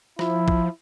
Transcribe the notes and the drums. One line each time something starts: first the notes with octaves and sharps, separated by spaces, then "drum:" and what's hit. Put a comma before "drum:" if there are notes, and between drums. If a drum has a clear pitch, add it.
F3 E4, drum: rim click
drum: kick A#1